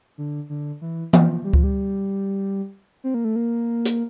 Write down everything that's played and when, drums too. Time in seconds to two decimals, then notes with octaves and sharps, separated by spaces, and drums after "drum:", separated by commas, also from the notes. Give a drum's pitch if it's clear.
0.18 D3
0.49 D3
0.81 E3
1.13 F3, drum: tom E3
1.44 G3
1.53 F3, drum: kick C#2
1.63 G3
3.04 C4
3.14 A#3
3.24 A3
3.36 A#3
3.85 drum: hi-hat